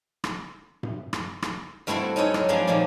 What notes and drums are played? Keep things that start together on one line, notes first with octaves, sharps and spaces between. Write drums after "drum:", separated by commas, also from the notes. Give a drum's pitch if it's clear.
drum: rim click
drum: tom G2
drum: rim click
drum: rim click
G2 A3 C4 E4 F#4 A4
C#4 D#4 E4 A4 C#5 D#5
A#4, drum: rim click
G2 F3 G#3 C4 D4 A#5
A#2 D#3 F3 F#3 A3